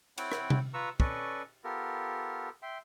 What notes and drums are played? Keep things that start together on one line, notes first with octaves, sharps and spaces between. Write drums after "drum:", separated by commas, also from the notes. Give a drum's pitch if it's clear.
C4 E4 C#5 F#5 G5, drum: cymbal
drum: rim click
drum: tom C3
F4 B4 A#5 C#6 E6
C#4 A4 B4 D5 D#5 C#6, drum: kick
B3 F4 G4 A4 A#4
E5 G5 C6